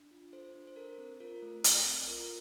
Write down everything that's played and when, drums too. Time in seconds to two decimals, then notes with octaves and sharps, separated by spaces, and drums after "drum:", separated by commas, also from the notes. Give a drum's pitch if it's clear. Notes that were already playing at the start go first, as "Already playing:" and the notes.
Already playing: D4
0.11 F4
0.33 A4 C5
0.55 D4
0.67 C5
0.76 A4 A#4
0.98 C4
1.20 F4 A#4
1.42 A3
1.64 A4, drum: hi-hat
1.85 C4
2.08 F4 A#4